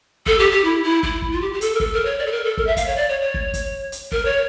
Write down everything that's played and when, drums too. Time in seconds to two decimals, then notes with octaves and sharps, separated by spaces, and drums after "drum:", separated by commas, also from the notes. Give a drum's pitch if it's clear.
0.26 A4, drum: kick
0.39 G4
0.52 G4
0.64 E4
0.83 E4
1.03 E4, drum: kick
1.22 drum: kick
1.32 F4
1.41 G4
1.53 G4
1.61 A4, drum: hi-hat
1.75 A#4
1.80 A4, drum: kick
1.93 A#4
2.05 C#5
2.19 D5
2.26 A4
2.32 A#4
2.44 A4
2.57 A#4, drum: kick
2.67 E5
2.77 F5, drum: kick, hi-hat
2.86 C#5
2.96 D5
3.09 C#5
3.21 C#5
3.34 drum: kick
3.54 drum: kick, hi-hat
3.92 drum: hi-hat
4.12 A#4, drum: kick
4.25 C#5